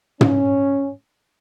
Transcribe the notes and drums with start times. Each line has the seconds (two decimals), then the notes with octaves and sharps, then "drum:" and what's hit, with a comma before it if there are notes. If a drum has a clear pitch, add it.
0.21 C#4, drum: tom